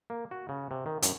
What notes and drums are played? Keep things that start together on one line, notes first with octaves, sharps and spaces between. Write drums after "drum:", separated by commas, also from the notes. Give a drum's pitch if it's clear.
A#3
F#4
C#3
C3
D#3
F#2, drum: hi-hat